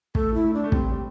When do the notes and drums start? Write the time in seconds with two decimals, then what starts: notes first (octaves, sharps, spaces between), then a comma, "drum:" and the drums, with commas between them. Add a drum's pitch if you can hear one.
0.15 A3 A4, drum: kick
0.34 E4
0.44 A3
0.54 D4
0.64 A3
0.72 G3 C4, drum: kick
0.91 G3